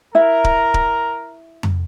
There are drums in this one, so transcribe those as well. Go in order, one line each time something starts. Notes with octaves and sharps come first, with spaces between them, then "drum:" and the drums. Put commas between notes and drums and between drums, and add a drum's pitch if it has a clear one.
E4 A#4 E5 A#5
drum: kick D1
drum: kick D1
drum: tom F2